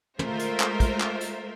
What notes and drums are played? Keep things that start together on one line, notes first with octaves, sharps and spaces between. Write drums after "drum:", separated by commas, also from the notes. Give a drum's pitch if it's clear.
G#3 A3 F4 A#4 C5 E5, drum: tom
drum: hi-hat
drum: clap
drum: kick, hi-hat
drum: clap
drum: hi-hat